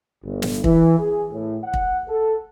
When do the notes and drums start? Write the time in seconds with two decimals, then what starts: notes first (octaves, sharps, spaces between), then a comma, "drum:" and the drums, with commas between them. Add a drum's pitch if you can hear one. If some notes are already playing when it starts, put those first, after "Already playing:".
0.24 G1
0.42 drum: snare
0.64 E3, drum: kick
0.99 G#4
1.32 A2
1.64 F#5
1.74 drum: kick
2.08 A4